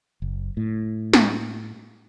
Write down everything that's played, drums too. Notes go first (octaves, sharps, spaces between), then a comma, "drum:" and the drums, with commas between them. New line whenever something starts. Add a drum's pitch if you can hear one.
F#1
A2
drum: snare